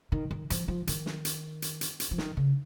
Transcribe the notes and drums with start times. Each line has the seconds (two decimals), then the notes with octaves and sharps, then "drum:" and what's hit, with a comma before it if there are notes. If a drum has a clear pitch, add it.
0.12 D#3
0.31 D#3
0.50 F3, drum: hi-hat
0.68 F3
0.87 D#3, drum: hi-hat
1.06 drum: snare
1.25 drum: hi-hat
1.62 drum: hi-hat
1.81 drum: hi-hat
2.00 drum: hi-hat
2.11 F3
2.18 D#3, drum: snare
2.37 C#3